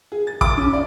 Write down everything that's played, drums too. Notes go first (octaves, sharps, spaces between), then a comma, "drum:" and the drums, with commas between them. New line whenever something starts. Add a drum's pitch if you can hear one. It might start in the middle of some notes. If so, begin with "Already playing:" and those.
G#4
A6
D6, drum: kick
C#4
D5